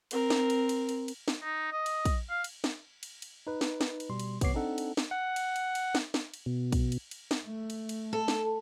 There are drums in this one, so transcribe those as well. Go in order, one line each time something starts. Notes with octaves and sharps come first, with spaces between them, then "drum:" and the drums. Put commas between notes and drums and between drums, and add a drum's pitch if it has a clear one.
C4 A#4, drum: cymbal
drum: snare
drum: cymbal
drum: cymbal
drum: cymbal
drum: cymbal
drum: snare
D#4
D#5
drum: cymbal
drum: kick, cymbal
F5
drum: cymbal
drum: snare
drum: cymbal
drum: cymbal
D#4 B4
drum: snare
drum: snare
drum: cymbal
B2 G3 C6
drum: cymbal
G#1 C3 B3 C#5 D6 C7, drum: kick, cymbal
C4 D4 D#4 A4 F#5
drum: cymbal
drum: snare
F#5
drum: cymbal
drum: cymbal
drum: cymbal
drum: snare
drum: snare
drum: cymbal
B2
drum: kick, cymbal
drum: cymbal
drum: cymbal
drum: snare
A3
drum: cymbal
drum: cymbal
A4
drum: snare